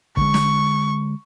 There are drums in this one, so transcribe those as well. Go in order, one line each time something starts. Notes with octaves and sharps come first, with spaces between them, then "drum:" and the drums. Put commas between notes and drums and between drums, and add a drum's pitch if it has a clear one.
D3 G#3 C#6, drum: kick
drum: snare